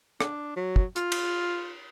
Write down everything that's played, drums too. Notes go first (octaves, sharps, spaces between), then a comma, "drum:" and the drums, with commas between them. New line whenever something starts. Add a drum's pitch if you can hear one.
D4, drum: rim click
F#3
drum: kick
F4, drum: hi-hat
drum: cymbal